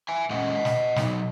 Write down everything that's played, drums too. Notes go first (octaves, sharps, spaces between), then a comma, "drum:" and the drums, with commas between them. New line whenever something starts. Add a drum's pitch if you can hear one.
E5 G#5
A#2 G#3 C#4 D#5 F#5
drum: snare
B2 F#3 B3 D#4, drum: snare